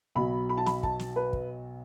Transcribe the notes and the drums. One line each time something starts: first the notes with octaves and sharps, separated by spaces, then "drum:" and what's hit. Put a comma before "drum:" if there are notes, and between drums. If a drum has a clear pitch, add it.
B1 B2 F#3 B5
B5
A5
B5, drum: snare
A5, drum: kick
drum: snare
B4
drum: kick